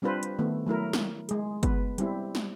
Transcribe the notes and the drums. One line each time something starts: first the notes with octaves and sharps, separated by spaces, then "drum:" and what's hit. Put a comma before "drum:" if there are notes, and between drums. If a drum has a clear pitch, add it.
G3 C4 D4 F4 B4 C5
drum: hi-hat
D#3 A3 B3
F#3 A3 E4 A#4
drum: snare
G#3 G#4, drum: hi-hat
B3 B4, drum: kick, hi-hat
G3 C4 E4, drum: hi-hat
drum: snare